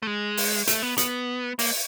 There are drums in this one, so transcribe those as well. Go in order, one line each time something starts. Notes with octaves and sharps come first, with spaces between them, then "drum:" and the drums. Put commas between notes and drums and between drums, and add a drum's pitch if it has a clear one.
A3
G#3
drum: open hi-hat
A3, drum: hi-hat
B3
B3, drum: hi-hat
A#3, drum: open hi-hat